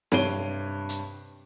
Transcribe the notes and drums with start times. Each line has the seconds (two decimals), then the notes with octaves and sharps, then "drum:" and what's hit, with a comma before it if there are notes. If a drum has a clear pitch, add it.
0.12 G2 C3 C#5 D7 D#7 G7, drum: snare
0.89 drum: hi-hat